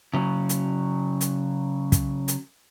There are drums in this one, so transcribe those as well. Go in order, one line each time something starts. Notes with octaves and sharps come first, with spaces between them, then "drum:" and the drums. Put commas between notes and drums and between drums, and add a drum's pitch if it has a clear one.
C#3 F#3
drum: hi-hat
drum: hi-hat
drum: kick, hi-hat
drum: hi-hat